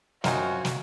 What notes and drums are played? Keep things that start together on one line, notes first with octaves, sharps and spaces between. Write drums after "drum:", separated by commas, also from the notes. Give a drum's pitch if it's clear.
F#2 C4 D#4 F4 F#4 G#5, drum: snare
drum: snare